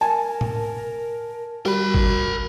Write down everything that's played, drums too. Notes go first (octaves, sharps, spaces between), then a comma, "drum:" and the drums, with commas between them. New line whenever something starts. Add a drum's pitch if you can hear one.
A#4 G#5 A5
drum: tom A2
G3 F#4 A#4 B5
drum: kick G#1